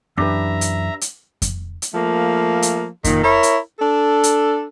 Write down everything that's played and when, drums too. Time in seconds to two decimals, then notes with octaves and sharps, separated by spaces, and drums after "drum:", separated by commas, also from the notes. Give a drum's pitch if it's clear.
0.18 F#2 E3 D4 G4 B4 E5 A#5
0.61 drum: hi-hat
1.01 drum: hi-hat
1.42 drum: kick F2, hi-hat
1.82 drum: hi-hat
1.94 F3 A3 A#3
2.62 drum: hi-hat
3.04 A#2 D#3, drum: kick F2, hi-hat
3.23 E4 A#4 C#5
3.43 drum: hi-hat
3.79 D4 A4
4.23 drum: hi-hat